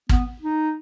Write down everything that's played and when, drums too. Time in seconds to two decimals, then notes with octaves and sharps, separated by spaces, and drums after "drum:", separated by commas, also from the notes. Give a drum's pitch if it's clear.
0.09 B3, drum: kick
0.42 D#4